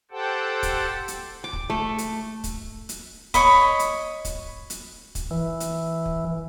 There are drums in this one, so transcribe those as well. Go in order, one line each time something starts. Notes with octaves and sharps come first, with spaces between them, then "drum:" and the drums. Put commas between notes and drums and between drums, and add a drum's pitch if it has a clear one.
G4 A4 C5 F#5 G5 A5
drum: kick, hi-hat
drum: hi-hat
D6
drum: kick
A3
drum: hi-hat
drum: kick, hi-hat
drum: hi-hat
C#5 D#5 B5, drum: kick, hi-hat
drum: hi-hat
drum: kick, hi-hat
drum: hi-hat
drum: kick, hi-hat
E3
drum: hi-hat
drum: kick